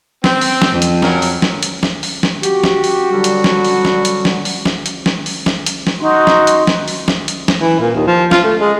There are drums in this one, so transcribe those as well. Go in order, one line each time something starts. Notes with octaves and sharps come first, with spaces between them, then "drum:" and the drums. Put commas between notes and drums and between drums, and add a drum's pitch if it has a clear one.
C4, drum: snare
drum: open hi-hat
drum: snare
F2
drum: hi-hat
C#3 F#3 A#4, drum: snare
drum: open hi-hat
drum: snare
drum: hi-hat
drum: snare
drum: open hi-hat
drum: snare
F#4 G4, drum: hi-hat
drum: snare
drum: open hi-hat
D3 F#3 G3
drum: hi-hat
drum: snare
drum: open hi-hat
drum: snare
drum: hi-hat
drum: snare
drum: open hi-hat
drum: snare
drum: hi-hat
drum: snare
drum: open hi-hat
drum: snare
drum: hi-hat
drum: snare
D#4 F#4 C6
drum: snare
drum: hi-hat
drum: snare
drum: open hi-hat
drum: snare
drum: hi-hat
drum: snare
E3
A#2
D#2
F3
F4, drum: snare
A3
G#3